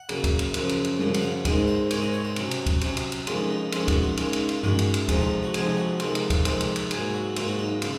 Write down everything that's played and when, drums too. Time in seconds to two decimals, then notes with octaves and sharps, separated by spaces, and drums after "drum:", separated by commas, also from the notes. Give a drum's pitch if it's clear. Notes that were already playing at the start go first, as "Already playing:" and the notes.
Already playing: F#5
0.09 C#3 F#3 A#3, drum: cymbal
0.24 drum: kick, cymbal
0.39 drum: cymbal
0.54 F#2 C#3 F3, drum: cymbal
0.69 drum: cymbal
0.84 drum: cymbal
0.99 F#2 C#3 F3, drum: tom G3
1.14 F#5, drum: cymbal
1.22 F5
1.45 G#2 D#3 G#3 C4 D#4 D#5, drum: kick, cymbal
1.68 C5
1.91 G#2 D#3 G#3 C4 D#4 C#5, drum: cymbal
2.02 D#5
2.13 C#5
2.25 C5
2.36 C3 F#3 C#4, drum: cymbal
2.51 drum: cymbal
2.66 drum: kick, cymbal
2.81 C3 F#3 C#4, drum: cymbal
2.97 drum: cymbal
3.12 drum: cymbal
3.27 F2 D#3 G#3 C#4 F4, drum: cymbal
3.50 D#4
3.72 F2 D#3 G#3 C#4 F4, drum: cymbal
3.88 F#4, drum: kick, cymbal
4.03 F4
4.17 D#3 G#3 C#4 F4, drum: cymbal
4.33 D#4, drum: cymbal
4.49 F4, drum: cymbal
4.63 D#3 G#3 C#4 F#4, drum: tom G2
4.79 drum: cymbal
4.94 drum: cymbal
5.08 F2 C3 F3 G#3 D#4, drum: kick, cymbal
5.20 F4
5.43 F#4
5.54 F2 C3 F3 G#3 D#4 G#4, drum: cymbal
5.77 F#4
6.00 F2 C3 D#3 G#3 F4, drum: cymbal
6.15 drum: cymbal
6.30 drum: kick, cymbal
6.45 F2 C3 D#3 G#3 C5, drum: cymbal
6.60 drum: cymbal
6.76 drum: cymbal
6.91 G#2 F#3 A#3 G#4, drum: cymbal
7.14 F#4
7.36 G#2 F#3 A#3 F4, drum: cymbal
7.48 F#4
7.59 D#4
7.82 C#3 F4, drum: cymbal